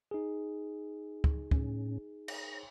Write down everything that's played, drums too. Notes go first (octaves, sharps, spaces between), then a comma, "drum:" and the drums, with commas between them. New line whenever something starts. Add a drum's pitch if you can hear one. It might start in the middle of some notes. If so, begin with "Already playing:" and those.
D#4 G#4
drum: kick
A2 C#4, drum: kick
A#6, drum: cymbal